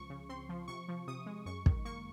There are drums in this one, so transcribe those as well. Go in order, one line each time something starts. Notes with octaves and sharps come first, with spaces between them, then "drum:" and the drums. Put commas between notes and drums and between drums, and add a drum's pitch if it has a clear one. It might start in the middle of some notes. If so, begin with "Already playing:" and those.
Already playing: C#2 F3 C#6
C#3
C4 C6
F3
C3 C#6
F3
C3 D#6
G#3
F#2 C#6
D#3, drum: kick
A#3 C#6